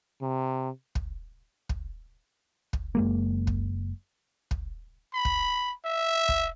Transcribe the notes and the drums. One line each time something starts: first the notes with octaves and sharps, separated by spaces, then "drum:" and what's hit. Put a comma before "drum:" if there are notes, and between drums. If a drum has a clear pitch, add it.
C3
drum: kick
drum: kick
drum: kick
F#1 G#3 A#3
drum: kick
drum: kick
B5
drum: kick
E5
drum: kick